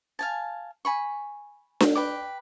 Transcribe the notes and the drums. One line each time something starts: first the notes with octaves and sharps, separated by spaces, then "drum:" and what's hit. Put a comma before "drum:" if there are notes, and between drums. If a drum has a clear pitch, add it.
F5 G#5 A5
G#5 B5 C#6
drum: snare D4
B4 G5 D6